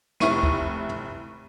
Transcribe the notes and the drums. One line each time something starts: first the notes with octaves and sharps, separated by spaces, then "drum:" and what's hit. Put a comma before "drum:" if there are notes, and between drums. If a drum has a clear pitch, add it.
F1 E4 C#6 D#7, drum: snare
drum: kick
drum: tom